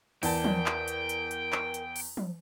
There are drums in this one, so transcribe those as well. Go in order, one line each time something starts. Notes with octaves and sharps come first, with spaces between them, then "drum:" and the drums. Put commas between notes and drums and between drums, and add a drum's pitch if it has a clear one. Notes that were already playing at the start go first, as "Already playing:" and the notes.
E2 A#4 D5 G5 A5, drum: open hi-hat
drum: tom
drum: clap
drum: hi-hat
drum: hi-hat
drum: hi-hat
drum: clap
drum: hi-hat
drum: open hi-hat
drum: tom